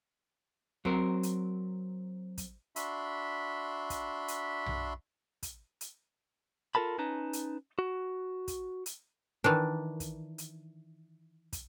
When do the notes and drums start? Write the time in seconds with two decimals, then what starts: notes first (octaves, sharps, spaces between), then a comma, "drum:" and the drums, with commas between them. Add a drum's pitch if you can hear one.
0.85 F#3 C4 A#4, drum: kick
1.23 drum: hi-hat
2.38 drum: kick, hi-hat
2.76 D4 F#4 E5 B5 C6, drum: hi-hat
3.90 drum: kick, hi-hat
4.28 drum: hi-hat
4.66 drum: tom B1
5.43 drum: kick, hi-hat
5.81 drum: hi-hat
6.75 F4 A4 A#4 A5 B5
6.98 C#4 D#4 B4 A5 A#5
7.33 drum: hi-hat
7.79 F#4
8.48 drum: kick, hi-hat
8.86 drum: hi-hat
9.44 D#3 E3 D4
10.00 drum: kick, hi-hat
10.38 drum: hi-hat
11.53 drum: kick, hi-hat